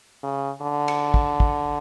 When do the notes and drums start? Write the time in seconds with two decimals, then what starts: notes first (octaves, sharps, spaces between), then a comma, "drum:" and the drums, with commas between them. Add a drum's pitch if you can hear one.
0.23 C#3
0.61 D3
0.88 drum: cymbal
1.14 drum: kick
1.40 drum: kick